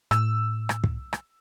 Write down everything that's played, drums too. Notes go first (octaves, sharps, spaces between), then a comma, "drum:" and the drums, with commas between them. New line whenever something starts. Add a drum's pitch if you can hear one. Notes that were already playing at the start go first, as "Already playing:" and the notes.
A2 E6, drum: rim click
drum: rim click
drum: kick
drum: rim click